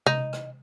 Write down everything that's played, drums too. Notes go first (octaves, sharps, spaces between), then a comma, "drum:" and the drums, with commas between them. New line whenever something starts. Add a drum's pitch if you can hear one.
D#4, drum: tom C3
drum: rim click